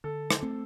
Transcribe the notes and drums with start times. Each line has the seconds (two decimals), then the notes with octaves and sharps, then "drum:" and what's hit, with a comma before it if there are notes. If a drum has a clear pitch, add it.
0.04 D3 A4
0.30 drum: rim click
0.43 A3 C4